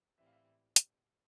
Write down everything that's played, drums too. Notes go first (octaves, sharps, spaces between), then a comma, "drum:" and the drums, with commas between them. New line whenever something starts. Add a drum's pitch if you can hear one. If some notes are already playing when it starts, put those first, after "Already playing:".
A2 E3 G3 C4 E5
F5
E5
drum: hi-hat